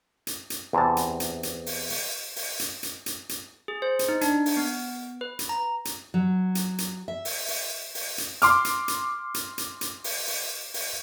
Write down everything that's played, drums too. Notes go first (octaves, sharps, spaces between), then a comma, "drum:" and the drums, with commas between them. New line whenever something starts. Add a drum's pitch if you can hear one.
drum: hi-hat
drum: hi-hat
E2 C3 A5
drum: hi-hat
drum: hi-hat
drum: hi-hat
drum: open hi-hat
drum: open hi-hat
drum: open hi-hat
drum: hi-hat
drum: hi-hat
drum: hi-hat
drum: hi-hat
G#4
C5
drum: hi-hat
D#4
D4, drum: hi-hat
drum: open hi-hat
B3
B4
drum: hi-hat
A#5
drum: hi-hat
F#3
drum: hi-hat
drum: hi-hat
E5
drum: open hi-hat
drum: open hi-hat
drum: open hi-hat
drum: hi-hat
C6 D6 F6, drum: hi-hat
drum: hi-hat
drum: hi-hat
drum: hi-hat
drum: hi-hat
drum: hi-hat
drum: open hi-hat
drum: open hi-hat
drum: open hi-hat